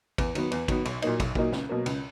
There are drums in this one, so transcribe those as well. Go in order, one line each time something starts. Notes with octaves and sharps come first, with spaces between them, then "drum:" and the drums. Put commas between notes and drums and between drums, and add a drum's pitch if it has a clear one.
E2, drum: kick, cymbal
D#3 F#3 B3, drum: cymbal
E2, drum: cymbal
D#3 F#3 B3, drum: kick, cymbal
B1, drum: cymbal
A#2 F#3 A#3 D#4, drum: cymbal
B1, drum: kick, cymbal
A#2 F#3 A#3 D#4, drum: kick
C#2, drum: snare
B2 F#3 A#3
C#2, drum: cymbal